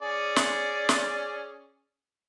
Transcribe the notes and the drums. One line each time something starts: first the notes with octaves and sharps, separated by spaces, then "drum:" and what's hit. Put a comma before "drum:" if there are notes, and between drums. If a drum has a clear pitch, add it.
C#4 G#4 D5
drum: snare
drum: snare